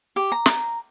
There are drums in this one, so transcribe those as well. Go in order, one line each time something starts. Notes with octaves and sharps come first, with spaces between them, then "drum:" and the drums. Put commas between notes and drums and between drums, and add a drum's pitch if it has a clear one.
G4
A#5
drum: snare